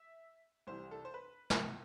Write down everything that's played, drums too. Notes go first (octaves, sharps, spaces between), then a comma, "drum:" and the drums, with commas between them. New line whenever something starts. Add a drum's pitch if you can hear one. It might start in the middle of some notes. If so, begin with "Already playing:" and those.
Already playing: E5
C2 C3 E3 C5
A4
C5
B4
drum: snare
B2